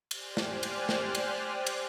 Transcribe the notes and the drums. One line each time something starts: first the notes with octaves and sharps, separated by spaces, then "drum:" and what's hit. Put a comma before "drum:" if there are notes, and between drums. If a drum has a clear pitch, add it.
G4 C5 D5 G#5 F6 F#6, drum: cymbal
drum: snare
drum: cymbal
drum: snare
drum: cymbal
drum: cymbal